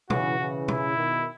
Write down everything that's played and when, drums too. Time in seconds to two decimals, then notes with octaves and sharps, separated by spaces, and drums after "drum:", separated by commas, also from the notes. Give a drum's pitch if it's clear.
0.10 C#3 E3 F#4, drum: tom
0.39 C#3 E3
0.68 E4, drum: tom
0.96 B2 D#3